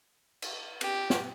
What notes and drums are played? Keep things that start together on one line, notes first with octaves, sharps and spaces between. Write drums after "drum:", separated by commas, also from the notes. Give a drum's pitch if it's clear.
drum: cymbal
G4, drum: cymbal
drum: snare